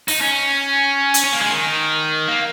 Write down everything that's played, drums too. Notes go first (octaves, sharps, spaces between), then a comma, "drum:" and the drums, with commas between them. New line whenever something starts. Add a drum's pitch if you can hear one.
D#4, drum: open hi-hat
C#4
drum: hi-hat
C#4
A#3
G#3
D#3
A#3